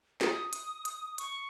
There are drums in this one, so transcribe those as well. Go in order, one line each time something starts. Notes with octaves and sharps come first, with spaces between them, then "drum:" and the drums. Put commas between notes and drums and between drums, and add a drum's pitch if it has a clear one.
D#6, drum: snare
drum: hi-hat
drum: hi-hat
C#6, drum: hi-hat